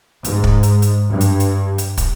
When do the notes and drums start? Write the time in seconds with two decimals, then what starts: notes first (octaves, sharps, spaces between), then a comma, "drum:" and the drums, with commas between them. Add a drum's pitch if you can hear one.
0.24 G#2, drum: hi-hat
0.44 drum: kick
0.63 drum: hi-hat
0.82 drum: hi-hat
1.10 G2
1.21 drum: hi-hat
1.40 drum: hi-hat
1.78 drum: hi-hat
1.97 drum: kick, hi-hat